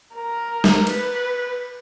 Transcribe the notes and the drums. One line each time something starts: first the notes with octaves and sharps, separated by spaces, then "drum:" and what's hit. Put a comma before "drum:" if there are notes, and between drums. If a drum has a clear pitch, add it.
A#4
drum: snare
B4, drum: cymbal